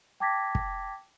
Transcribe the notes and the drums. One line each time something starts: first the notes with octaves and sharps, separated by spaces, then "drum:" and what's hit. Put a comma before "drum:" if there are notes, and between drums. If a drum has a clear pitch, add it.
G5 A5 D6 G#6 A#6 B6
drum: kick